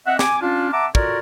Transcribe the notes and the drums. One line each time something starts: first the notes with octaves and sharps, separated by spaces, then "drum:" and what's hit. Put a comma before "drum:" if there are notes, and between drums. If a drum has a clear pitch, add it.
C4 D#5 E5 F#5
G#5 D6, drum: snare
C#4 D4 F4
E5 F#5 A5 A#5 D6
F4 F#4 A4 A#4 C#5 D5, drum: kick